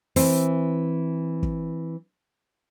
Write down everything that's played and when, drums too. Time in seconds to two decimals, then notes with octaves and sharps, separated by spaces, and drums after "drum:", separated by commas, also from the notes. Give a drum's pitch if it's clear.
0.16 E3 C4, drum: open hi-hat
1.43 drum: kick